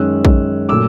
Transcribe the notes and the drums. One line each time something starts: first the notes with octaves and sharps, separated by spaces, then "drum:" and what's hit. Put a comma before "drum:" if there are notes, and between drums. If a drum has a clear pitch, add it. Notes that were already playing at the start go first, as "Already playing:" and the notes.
Already playing: F#2 D#3 G#3 C#4 E6 F#6
drum: kick A#1
A#2 F#3 A3 D6 E6